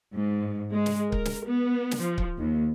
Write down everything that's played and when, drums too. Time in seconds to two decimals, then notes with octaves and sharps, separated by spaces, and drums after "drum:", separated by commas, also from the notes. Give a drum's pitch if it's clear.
0.14 G#2
0.71 G#3
0.86 drum: snare
1.12 A#4, drum: kick C#1
1.25 drum: snare
1.47 B3
1.91 drum: snare
2.02 F3
2.18 drum: kick C#1
2.36 D#2